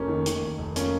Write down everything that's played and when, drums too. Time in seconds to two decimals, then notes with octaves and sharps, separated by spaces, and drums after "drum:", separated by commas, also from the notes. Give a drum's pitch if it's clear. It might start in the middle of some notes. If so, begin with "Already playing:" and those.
Already playing: F1 A#3 C#4
0.08 D#3
0.26 D#3, drum: hi-hat
0.42 F1
0.58 F1
0.76 F3 A#3 C#4, drum: hi-hat